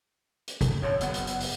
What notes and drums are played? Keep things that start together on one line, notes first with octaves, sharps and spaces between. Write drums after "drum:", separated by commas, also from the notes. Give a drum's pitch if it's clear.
drum: hi-hat
drum: kick, hi-hat
F2 D3 C#5
F#1 B3 F#5, drum: hi-hat
drum: hi-hat
drum: hi-hat
drum: open hi-hat